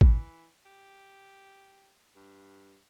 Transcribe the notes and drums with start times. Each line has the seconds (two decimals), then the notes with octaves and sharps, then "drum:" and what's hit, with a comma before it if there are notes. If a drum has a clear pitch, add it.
0.01 E3, drum: kick A1
0.65 G4
2.16 G2